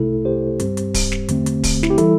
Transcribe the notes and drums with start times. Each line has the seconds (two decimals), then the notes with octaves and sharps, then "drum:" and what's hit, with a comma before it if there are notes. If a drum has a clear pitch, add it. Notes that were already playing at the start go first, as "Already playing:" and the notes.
Already playing: C2 C3 A3 E4 A4
0.25 G4 C5
0.60 G2 G3 C4, drum: hi-hat
0.77 drum: hi-hat
0.94 drum: kick D1, open hi-hat
1.12 drum: snare
1.29 E2 D3 A3 C4, drum: hi-hat
1.46 drum: hi-hat
1.63 drum: kick D1, open hi-hat
1.83 E4, drum: snare
1.90 G4
1.98 E3 G3 E4 A4, drum: hi-hat